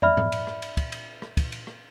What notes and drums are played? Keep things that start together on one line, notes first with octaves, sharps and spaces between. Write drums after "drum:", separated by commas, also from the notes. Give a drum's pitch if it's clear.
D5 E5 B5 F6, drum: tom
drum: tom G#2
drum: cymbal
drum: rim click
drum: cymbal
drum: kick, cymbal
drum: cymbal
drum: rim click
drum: kick, cymbal
drum: cymbal
drum: rim click